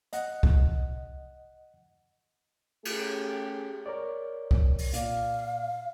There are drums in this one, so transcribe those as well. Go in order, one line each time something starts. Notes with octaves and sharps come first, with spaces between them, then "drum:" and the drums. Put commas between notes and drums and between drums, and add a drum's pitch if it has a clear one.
D#5 F#5, drum: hi-hat
drum: kick C2
A3 C#4 G4 G#4, drum: cymbal
A#4 C#5 D5
drum: kick C2
drum: open hi-hat
A#2 D5 F5, drum: hi-hat